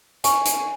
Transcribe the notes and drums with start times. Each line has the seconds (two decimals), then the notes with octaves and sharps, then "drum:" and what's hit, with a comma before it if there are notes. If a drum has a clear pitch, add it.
0.24 G#5 C#6, drum: hi-hat
0.45 drum: hi-hat